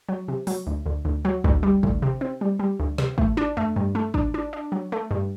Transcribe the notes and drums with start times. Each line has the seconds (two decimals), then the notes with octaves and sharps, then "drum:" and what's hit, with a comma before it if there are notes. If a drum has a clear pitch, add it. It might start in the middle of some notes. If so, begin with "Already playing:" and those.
0.09 F#3
0.28 C3
0.47 F#3, drum: open hi-hat
0.67 D2
0.86 D2
1.05 D2
1.25 F#3
1.44 D2, drum: kick
1.63 G3
1.83 D2, drum: kick
2.02 C3
2.21 C4
2.41 G3
2.59 G3
2.80 D2
2.98 C3, drum: snare
3.18 A3, drum: kick
3.37 D4
3.57 A3, drum: tom E2
3.76 G2
3.95 A3
4.14 D4, drum: kick
4.34 D4
4.53 D4
4.72 F#3
4.92 A3
5.11 G2